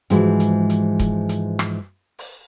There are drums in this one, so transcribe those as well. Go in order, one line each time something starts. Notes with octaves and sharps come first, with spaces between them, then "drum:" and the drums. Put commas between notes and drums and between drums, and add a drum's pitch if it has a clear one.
G#2 E3 F3 G#3 F#4, drum: hi-hat
drum: hi-hat
drum: hi-hat
drum: kick, hi-hat
drum: hi-hat
drum: rim click
drum: open hi-hat